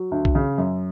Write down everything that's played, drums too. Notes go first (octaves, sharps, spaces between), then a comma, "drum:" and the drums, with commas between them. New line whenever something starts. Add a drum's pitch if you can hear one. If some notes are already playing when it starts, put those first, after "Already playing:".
Already playing: F#3
D2
drum: kick B1
C#3
F#2